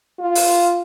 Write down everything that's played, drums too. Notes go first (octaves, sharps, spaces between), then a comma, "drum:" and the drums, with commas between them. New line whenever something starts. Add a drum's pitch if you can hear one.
F4
drum: open hi-hat